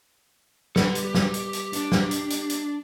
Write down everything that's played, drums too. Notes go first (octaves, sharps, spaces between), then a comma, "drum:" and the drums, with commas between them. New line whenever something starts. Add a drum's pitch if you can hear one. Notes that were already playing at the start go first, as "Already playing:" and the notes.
G3 A4 B4 F#5, drum: snare
drum: hi-hat
G4
drum: snare
drum: hi-hat
drum: hi-hat
D4, drum: hi-hat
drum: snare
drum: hi-hat
drum: hi-hat
drum: hi-hat